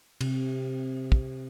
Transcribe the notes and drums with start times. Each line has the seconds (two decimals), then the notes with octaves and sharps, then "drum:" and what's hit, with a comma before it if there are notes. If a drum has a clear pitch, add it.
0.21 C3, drum: cymbal
1.12 drum: kick